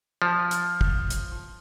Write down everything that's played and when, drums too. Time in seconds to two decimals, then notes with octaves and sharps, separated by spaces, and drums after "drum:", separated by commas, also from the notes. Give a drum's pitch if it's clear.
0.22 F3
0.51 drum: hi-hat
0.81 drum: kick
1.10 drum: hi-hat